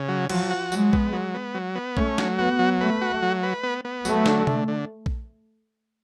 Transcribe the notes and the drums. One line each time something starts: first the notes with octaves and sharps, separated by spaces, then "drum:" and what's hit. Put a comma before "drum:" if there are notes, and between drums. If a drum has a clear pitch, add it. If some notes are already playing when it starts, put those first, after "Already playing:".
Already playing: C#3
F#3
F3 F#3, drum: cymbal
F#4
F#3 G#3, drum: tambourine
B3, drum: kick A#1
F#3
B3
F#3
B3
A3 C#4, drum: kick A#1
F#3, drum: snare
B3 F#4
F#3
A3 B4
F#4
F#3
B4
B3
B3
F#3 A3, drum: tambourine
D3, drum: snare
D3, drum: tom C3
D3
drum: kick A#1